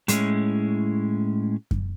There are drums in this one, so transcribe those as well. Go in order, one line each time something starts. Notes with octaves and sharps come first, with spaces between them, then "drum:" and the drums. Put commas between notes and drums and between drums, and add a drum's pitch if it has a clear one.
A2 G#3 B3 C#4 E4, drum: hi-hat
drum: kick F#2